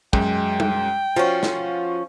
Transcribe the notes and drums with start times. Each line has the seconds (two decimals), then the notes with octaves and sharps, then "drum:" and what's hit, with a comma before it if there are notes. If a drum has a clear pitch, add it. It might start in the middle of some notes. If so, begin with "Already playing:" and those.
0.13 F#2 F#3 G#3 G5, drum: kick
0.60 drum: tom G3
1.16 F3 C#4 F4 F#4
1.43 drum: snare